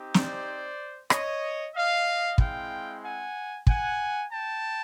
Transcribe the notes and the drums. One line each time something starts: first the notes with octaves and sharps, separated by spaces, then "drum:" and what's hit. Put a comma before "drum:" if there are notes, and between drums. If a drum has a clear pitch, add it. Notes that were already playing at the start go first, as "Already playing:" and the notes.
Already playing: C4 D#4 G4
C5 D5, drum: snare
C#5 D#5, drum: rim click
D#5 F5
G#3 C4 E4 F5 G5, drum: kick
F#5 G#5
F#5 G#5, drum: kick
G5 A5